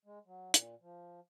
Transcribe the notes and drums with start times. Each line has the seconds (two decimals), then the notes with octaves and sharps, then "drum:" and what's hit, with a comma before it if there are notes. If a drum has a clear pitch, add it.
0.05 G#3
0.26 F#3
0.54 A#2, drum: hi-hat
0.81 F3